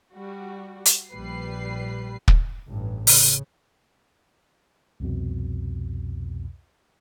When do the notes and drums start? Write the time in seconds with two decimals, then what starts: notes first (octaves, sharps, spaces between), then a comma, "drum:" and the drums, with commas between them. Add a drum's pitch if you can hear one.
0.13 G3 F#4
0.86 drum: hi-hat
1.10 A#1 G3 B4 C7
2.28 drum: kick
2.69 A1 G2
3.07 C#3, drum: open hi-hat
5.00 C2 F2 B2